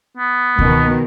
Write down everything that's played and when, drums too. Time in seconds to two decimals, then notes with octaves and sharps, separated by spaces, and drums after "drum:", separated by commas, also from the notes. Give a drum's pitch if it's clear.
0.17 B3
0.59 B2 D#3, drum: kick C#2